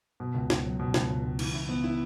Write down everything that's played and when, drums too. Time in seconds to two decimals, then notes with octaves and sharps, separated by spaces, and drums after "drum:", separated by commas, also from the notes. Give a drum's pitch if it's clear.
0.20 B2
0.35 C#2
0.50 C#2, drum: snare
0.64 F#3
0.80 B2
0.94 C#2, drum: snare
1.10 C#2
1.24 C#2
1.39 E3, drum: cymbal
1.54 E4
1.69 B3
1.84 E4